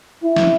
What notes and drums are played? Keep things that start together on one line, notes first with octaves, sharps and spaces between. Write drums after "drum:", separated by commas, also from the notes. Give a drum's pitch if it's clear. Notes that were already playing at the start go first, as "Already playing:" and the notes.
E4
drum: snare